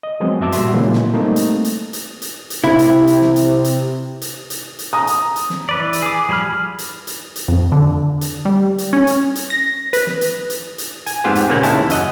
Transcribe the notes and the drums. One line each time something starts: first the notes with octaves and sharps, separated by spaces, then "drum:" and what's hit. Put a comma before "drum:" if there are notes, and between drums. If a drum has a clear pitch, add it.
D#5
F3 F#3 G#3 B3 C4
F#2 F#4 E5 A5 D6 E6
A#2 G3 F#4 E5 C6, drum: hi-hat
A#2 C#3 E3 F#3 G#3 A#3
drum: snare
G3 A3 A#3 C4 D#4
drum: hi-hat
drum: hi-hat
drum: hi-hat
drum: hi-hat
drum: hi-hat
C3 E4
drum: hi-hat
drum: hi-hat
drum: snare
drum: hi-hat
drum: hi-hat
drum: hi-hat
drum: hi-hat
drum: hi-hat
A#5 D#6
drum: hi-hat
drum: hi-hat
drum: snare
E3 B4 D5
drum: hi-hat
G#4 D6
F3 G3 G#4 B5 F6
drum: hi-hat
drum: hi-hat
drum: hi-hat
F2
D3
drum: hi-hat
G3
drum: hi-hat
C#4
drum: hi-hat
drum: hi-hat
A#6
B4, drum: hi-hat
drum: snare
drum: hi-hat
drum: hi-hat
drum: hi-hat
G#5, drum: hi-hat
F2 G#2 B3 F4 G4 C5
drum: hi-hat
A#2 C#3 G#3 A#3 C4 C#4
D#2 C#3 E4 A5, drum: hi-hat
F#2 D#5 F#5, drum: hi-hat